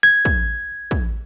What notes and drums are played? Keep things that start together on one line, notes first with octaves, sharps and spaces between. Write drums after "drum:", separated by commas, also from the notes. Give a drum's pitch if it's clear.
G#6
drum: kick
drum: kick